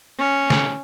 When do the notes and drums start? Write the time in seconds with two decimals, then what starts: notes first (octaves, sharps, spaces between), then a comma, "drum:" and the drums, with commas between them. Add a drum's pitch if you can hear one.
0.19 C#4
0.50 drum: snare